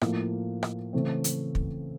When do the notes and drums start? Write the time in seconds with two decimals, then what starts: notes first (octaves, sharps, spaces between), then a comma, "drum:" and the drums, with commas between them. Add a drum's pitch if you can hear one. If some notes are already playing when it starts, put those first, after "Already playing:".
0.01 A2 F3 A#3, drum: rim click
0.63 drum: rim click
0.93 C#3 E3 A3 C4
1.24 drum: hi-hat
1.55 drum: kick